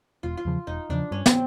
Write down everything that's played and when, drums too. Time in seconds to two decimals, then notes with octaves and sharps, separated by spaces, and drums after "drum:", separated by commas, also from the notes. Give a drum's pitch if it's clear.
0.23 E1 F4
0.37 F4
0.45 E2 C#3 F3
0.67 E1 D#4
0.89 E2 C#3 F3 D4
1.11 G2 C#4
1.26 C4, drum: snare